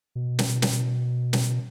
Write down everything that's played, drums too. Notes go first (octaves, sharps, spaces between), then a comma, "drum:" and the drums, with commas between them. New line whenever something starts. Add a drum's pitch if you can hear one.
B2
drum: snare
drum: snare
drum: snare